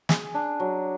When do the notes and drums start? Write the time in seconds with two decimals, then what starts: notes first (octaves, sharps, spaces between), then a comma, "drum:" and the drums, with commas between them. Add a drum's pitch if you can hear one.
0.09 G#4, drum: snare
0.34 D4
0.60 F#3